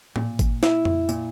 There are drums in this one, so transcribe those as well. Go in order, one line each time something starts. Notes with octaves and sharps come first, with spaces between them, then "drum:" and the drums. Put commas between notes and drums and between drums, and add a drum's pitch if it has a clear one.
A#2, drum: tom A2
drum: kick G#1, tambourine
E4, drum: snare
drum: tom F2
A#2, drum: tambourine